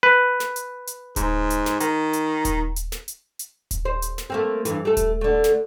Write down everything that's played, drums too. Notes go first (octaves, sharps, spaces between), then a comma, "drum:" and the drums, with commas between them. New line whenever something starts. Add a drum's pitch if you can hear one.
B4
drum: snare
drum: hi-hat
drum: hi-hat
G#2, drum: kick D#1, hi-hat
drum: hi-hat
drum: snare
D#3, drum: hi-hat
drum: hi-hat
drum: kick D#1, hi-hat
drum: hi-hat
drum: snare
drum: hi-hat
drum: hi-hat
drum: kick D#1, hi-hat
C5
drum: hi-hat
drum: snare
A3 A#3 C4
G2 E3, drum: hi-hat
A3 A4
drum: kick D#1, hi-hat
D3 A3
drum: snare